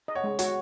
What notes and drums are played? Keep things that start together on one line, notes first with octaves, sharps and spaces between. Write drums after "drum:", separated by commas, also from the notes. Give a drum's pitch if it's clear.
D#5
C#5 F#5
G#3
F#4 C#5 F#5, drum: hi-hat